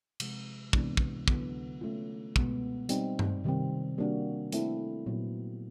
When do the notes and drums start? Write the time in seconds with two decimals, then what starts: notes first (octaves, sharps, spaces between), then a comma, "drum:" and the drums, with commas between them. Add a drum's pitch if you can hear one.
0.20 C3 F3 G#3, drum: cymbal
0.73 C3 E3 G#3 B3 D4, drum: kick
0.97 drum: kick
1.28 D3 F#3 B3 E4 A4, drum: kick
1.81 A3 C#4 F4
2.36 B2 G#3 B3, drum: kick
2.89 G3 C4 D#4, drum: hi-hat
3.19 drum: tom G2
3.44 C3 D#3 G3 C4
3.98 G3 A#3 D4 F#4
4.52 A3 C4 E4 A4, drum: hi-hat
5.06 A#2 F#3 B3